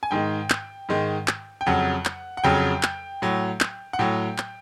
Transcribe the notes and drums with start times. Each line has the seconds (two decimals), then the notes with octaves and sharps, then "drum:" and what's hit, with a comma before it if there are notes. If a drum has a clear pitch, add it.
0.03 G#5
0.11 G#2 D#3 G#3 G5
0.50 drum: clap
0.89 G#2 D#3 G#3
1.28 drum: clap
1.61 G5
1.66 F2 C#3 F#3 F#5
2.05 drum: clap
2.37 F#5
2.44 F2 C#3 F#3 G5
2.83 drum: clap
3.22 A2 F#3
3.61 drum: clap
3.93 F#5
3.99 A2 F#3 G5
4.38 drum: clap